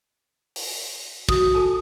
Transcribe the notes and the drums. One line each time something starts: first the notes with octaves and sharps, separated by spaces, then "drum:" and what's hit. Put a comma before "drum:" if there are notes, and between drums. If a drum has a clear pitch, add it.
drum: open hi-hat
F#4 D#6, drum: kick
A4 G#5 A5